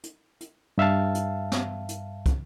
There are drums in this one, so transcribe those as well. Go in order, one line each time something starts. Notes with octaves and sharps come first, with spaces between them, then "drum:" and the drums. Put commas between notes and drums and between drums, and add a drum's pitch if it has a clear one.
drum: hi-hat
drum: hi-hat
G2 E5 F5 A5
drum: hi-hat
drum: snare
drum: hi-hat
drum: kick, hi-hat